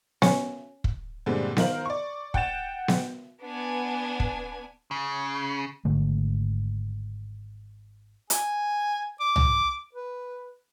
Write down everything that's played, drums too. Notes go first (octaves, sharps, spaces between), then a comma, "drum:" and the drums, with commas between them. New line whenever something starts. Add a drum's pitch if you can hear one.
C#4, drum: snare B3
drum: kick
G2 A#2 D3 G3 G#3 C4
D#3 F4 A#4 C5 F#7, drum: snare B3
D5 C#6
F#5 G5 A6 E7, drum: kick
drum: snare B3
B3 D4 G#5
drum: kick
C#3
G#1 G#2 D3 A3
G#5, drum: hi-hat
D6
drum: tom C2
B4